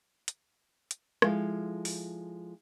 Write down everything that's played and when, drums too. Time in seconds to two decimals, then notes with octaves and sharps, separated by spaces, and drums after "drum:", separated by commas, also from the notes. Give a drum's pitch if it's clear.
0.28 drum: hi-hat
0.91 drum: hi-hat
1.22 F3 G#3 E4 A4 F5, drum: rim click
1.85 drum: open hi-hat